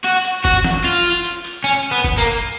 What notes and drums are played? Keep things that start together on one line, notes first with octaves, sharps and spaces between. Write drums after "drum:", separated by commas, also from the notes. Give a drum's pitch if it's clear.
F#4, drum: hi-hat
drum: hi-hat
F#4, drum: kick, hi-hat
drum: snare
F4, drum: hi-hat
drum: hi-hat
drum: hi-hat
drum: hi-hat
C#4, drum: hi-hat
B3
drum: kick, hi-hat
A#3